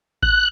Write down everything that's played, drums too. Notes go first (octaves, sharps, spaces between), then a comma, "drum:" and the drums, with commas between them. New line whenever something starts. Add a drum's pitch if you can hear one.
F#6, drum: kick A1